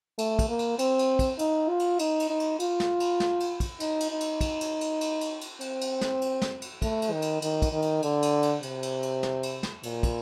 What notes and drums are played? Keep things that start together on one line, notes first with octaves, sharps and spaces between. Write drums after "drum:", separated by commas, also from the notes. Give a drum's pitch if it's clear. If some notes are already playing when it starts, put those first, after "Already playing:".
A3, drum: cymbal
drum: kick, cymbal
A#3
drum: cymbal
C4, drum: cymbal
drum: cymbal
drum: kick, cymbal
D#4, drum: cymbal
F4
drum: cymbal
D#4, drum: cymbal
drum: cymbal
D#4
drum: cymbal
F4, drum: cymbal
drum: snare
drum: cymbal
drum: snare
drum: cymbal
drum: kick, cymbal
D#4, drum: cymbal
drum: cymbal
D#4
drum: cymbal
drum: kick, cymbal
drum: cymbal
drum: cymbal
drum: cymbal
drum: cymbal
drum: cymbal
C4, drum: cymbal
drum: cymbal
drum: snare
drum: cymbal
drum: snare
drum: cymbal
A3, drum: kick, cymbal
drum: cymbal
D#3
drum: cymbal
D#3, drum: cymbal
drum: kick, cymbal
D#3
drum: cymbal
D3, drum: cymbal
drum: cymbal
drum: cymbal
C3, drum: cymbal
drum: cymbal
drum: cymbal
drum: snare
drum: cymbal
drum: snare
A#2, drum: cymbal
drum: kick, cymbal